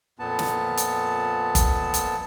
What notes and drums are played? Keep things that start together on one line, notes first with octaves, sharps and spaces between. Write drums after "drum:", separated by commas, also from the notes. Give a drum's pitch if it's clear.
F2 A#2 B3 A5
drum: snare
drum: hi-hat
drum: kick G1, hi-hat
drum: hi-hat